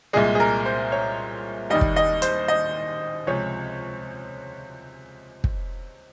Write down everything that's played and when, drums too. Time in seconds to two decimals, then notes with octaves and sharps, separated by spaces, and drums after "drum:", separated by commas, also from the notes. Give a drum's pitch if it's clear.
0.13 C2 A#2 G#3 G#4
0.35 G#4
0.40 A#4
0.65 C5
0.92 C#5
1.70 D#2 D#3 G3 D#5
1.81 drum: kick
1.96 D#5
2.22 C5, drum: hi-hat
2.48 D#5
3.27 C#2 C3 F3 G#3 C#5
5.44 drum: kick